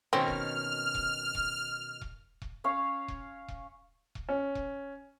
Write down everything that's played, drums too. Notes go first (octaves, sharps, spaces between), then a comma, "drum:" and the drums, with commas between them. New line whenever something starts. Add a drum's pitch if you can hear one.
B2 D#3 C4 C#4 F6
drum: kick E1
drum: kick E1
drum: kick E1
drum: kick E1
drum: kick E1
C#4 C#5 F5
drum: kick E1
drum: kick E1
drum: kick E1
C#4
drum: kick E1